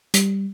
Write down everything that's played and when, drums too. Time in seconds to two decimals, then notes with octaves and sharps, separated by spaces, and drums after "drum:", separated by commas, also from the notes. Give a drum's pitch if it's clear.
0.14 G3, drum: hi-hat